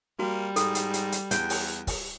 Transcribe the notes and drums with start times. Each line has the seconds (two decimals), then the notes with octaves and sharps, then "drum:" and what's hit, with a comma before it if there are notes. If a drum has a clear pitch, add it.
0.19 G3 A#3 F#4
0.56 G#2 A4, drum: hi-hat
0.75 drum: hi-hat
0.94 drum: hi-hat
1.12 drum: hi-hat
1.31 E2 G5, drum: hi-hat
1.50 drum: open hi-hat
1.87 drum: kick, open hi-hat